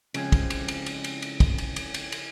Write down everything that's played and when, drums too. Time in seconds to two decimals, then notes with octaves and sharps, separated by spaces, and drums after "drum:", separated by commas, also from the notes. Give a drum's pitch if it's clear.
0.14 C#3 F3 G#3 C4 C#4, drum: cymbal
0.32 drum: kick, cymbal
0.50 drum: cymbal
0.68 drum: cymbal
0.86 drum: cymbal
1.04 drum: cymbal
1.22 drum: cymbal
1.40 drum: kick, cymbal
1.58 drum: cymbal
1.76 drum: cymbal
1.94 drum: cymbal
2.12 drum: cymbal